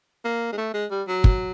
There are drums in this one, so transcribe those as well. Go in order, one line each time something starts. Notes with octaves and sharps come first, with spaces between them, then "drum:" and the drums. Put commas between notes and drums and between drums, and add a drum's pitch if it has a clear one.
A#3
G#3
A3
G#3
G3
F#3
drum: kick